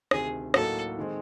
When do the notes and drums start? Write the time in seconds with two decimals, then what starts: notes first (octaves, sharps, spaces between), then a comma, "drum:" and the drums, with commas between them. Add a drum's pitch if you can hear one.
0.11 D2 C3 D#3 G#4, drum: rim click
0.54 A2 F#3 A#3 D#4 F#4 A4, drum: rim click
0.98 D#3 G#3 C4